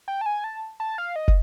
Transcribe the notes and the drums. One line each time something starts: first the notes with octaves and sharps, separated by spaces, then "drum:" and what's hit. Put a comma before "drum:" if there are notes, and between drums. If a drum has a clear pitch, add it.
G5
A5
G#5
A5
A5
F5
D#5
drum: kick